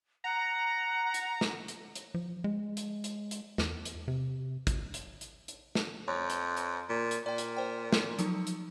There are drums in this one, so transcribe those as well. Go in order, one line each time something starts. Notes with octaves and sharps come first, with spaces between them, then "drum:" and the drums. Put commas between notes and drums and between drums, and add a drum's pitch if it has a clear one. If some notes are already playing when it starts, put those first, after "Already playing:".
F#5 A#5
drum: hi-hat
drum: snare
drum: hi-hat
drum: hi-hat
F3
G#3
drum: hi-hat
drum: hi-hat
drum: hi-hat
E2, drum: snare
drum: hi-hat
C3
drum: kick, hi-hat
drum: hi-hat
drum: hi-hat
drum: hi-hat
drum: snare
F2 C#5
drum: hi-hat
drum: hi-hat
A#2
drum: hi-hat
A#2 D5 G5
drum: hi-hat
C5 G5
drum: snare
F3 F#3 D#4, drum: hi-hat
drum: hi-hat